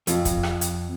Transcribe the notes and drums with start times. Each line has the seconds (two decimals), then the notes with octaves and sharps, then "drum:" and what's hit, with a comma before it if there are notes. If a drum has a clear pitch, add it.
0.07 F2, drum: hi-hat
0.25 drum: kick, hi-hat
0.43 drum: rim click
0.61 drum: hi-hat